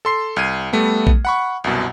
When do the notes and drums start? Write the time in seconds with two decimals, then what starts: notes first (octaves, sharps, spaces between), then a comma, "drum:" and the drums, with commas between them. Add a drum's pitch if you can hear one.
0.05 A4 C6 C7
0.36 C2 F6 G#6 C7 D#7
0.73 G3 A3 B3
1.07 drum: kick A#1
1.25 F#5 B5 C#6
1.64 C2 F#2 B2